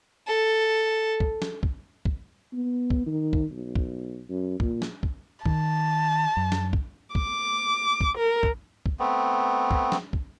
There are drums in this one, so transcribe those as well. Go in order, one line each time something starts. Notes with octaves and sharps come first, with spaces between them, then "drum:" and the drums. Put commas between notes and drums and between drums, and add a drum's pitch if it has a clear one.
A4
drum: kick
drum: snare
drum: kick
drum: kick
B3
drum: kick
D#3
drum: kick
B1
drum: kick
F#2
A#2, drum: kick
drum: snare
drum: kick
D#3 A5, drum: kick
F#2
drum: snare
drum: kick
D6, drum: kick
drum: kick
A#4
drum: kick
drum: kick
A3 B3 C4
drum: kick
drum: snare
drum: kick